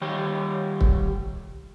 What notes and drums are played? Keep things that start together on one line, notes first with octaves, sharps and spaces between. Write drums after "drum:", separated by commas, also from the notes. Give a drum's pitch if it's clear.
D#3 G3 G4 C#5
drum: kick